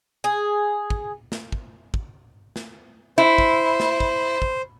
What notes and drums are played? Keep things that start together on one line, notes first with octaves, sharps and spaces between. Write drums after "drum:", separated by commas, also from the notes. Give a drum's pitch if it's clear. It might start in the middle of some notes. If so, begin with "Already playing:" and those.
G#4
drum: kick
drum: snare
drum: kick
drum: kick
drum: snare
E4 C5
drum: kick
drum: snare
drum: kick
drum: kick